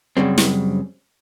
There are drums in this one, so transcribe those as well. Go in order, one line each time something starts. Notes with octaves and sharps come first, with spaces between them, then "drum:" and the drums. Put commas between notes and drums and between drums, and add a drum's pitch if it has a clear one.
F#2 C#3 G3 C4
drum: snare